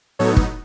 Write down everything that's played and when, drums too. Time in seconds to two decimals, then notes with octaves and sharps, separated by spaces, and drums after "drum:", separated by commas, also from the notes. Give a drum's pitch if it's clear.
0.19 A2 F#3 B3 D#4 A4 C#5
0.37 drum: kick